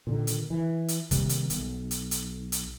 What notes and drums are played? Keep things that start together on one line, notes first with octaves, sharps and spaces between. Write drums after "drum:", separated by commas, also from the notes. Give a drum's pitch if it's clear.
A#2 D3 D#3
drum: hi-hat
E3
drum: hi-hat
C3 D#3 G3 A#3, drum: kick, hi-hat
drum: hi-hat
B1, drum: hi-hat
drum: hi-hat
drum: hi-hat
drum: hi-hat